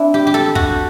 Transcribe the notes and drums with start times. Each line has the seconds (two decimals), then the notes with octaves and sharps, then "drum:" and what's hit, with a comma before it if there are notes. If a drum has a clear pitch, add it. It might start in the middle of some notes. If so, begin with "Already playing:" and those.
Already playing: C4 D4 E4
0.14 G4
0.27 G4
0.34 A4
0.55 F#4, drum: kick